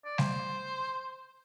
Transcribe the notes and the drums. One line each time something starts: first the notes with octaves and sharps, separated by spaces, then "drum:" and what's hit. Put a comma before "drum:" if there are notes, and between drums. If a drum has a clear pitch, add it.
D5
C5, drum: snare G3